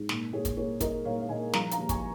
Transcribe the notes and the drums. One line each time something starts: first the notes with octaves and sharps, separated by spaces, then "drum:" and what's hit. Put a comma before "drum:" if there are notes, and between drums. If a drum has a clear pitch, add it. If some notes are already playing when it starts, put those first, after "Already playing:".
Already playing: G#2
A#2, drum: snare
A#2 G#4 C#5
drum: kick, hi-hat
A#3 G#4 C#5
A#3 A#4 D#5, drum: kick, hi-hat
A#2 C#5 F5
F5
A#2 D#5 G#5
F3 F5 A#5, drum: snare
F5 A#5, drum: hi-hat
D#2
G#5 C#6, drum: kick, hi-hat